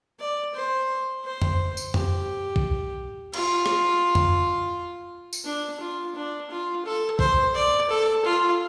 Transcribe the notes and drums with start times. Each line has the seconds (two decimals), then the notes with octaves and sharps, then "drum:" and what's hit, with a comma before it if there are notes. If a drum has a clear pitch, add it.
0.19 D5
0.54 C5
1.24 C5
1.42 drum: tom F2
1.77 drum: tambourine
1.94 G4, drum: tom F2
2.56 drum: kick
3.34 F4, drum: cymbal
3.66 drum: rim click
4.15 drum: tom F2
5.33 drum: tambourine
5.44 D4
5.80 F4
6.15 D4
6.50 F4
6.85 A4
7.19 C5, drum: kick
7.55 D5
7.89 A4
8.25 F4